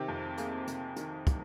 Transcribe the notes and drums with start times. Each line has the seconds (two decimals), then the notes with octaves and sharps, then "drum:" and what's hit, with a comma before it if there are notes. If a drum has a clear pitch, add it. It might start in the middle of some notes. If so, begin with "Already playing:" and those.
Already playing: C3 D#3 G4
0.08 F2
0.37 A#3 G#4, drum: hi-hat
0.67 C3, drum: hi-hat
0.96 D#3, drum: hi-hat
1.27 drum: kick, hi-hat